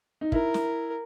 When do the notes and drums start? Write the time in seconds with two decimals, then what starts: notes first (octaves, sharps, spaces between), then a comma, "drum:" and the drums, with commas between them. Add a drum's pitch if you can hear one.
0.21 D#4
0.32 E4 A#4, drum: kick
0.54 drum: snare